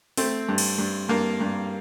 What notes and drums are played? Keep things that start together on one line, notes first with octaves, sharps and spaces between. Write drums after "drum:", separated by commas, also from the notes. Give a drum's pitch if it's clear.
A3 C4, drum: open hi-hat
G2
drum: cymbal
G2
G2 A#3
G2